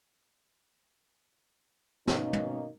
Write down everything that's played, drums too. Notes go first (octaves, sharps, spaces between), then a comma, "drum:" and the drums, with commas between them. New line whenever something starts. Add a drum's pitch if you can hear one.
B2 D#3 A#3 C#4 D#4, drum: snare
drum: tom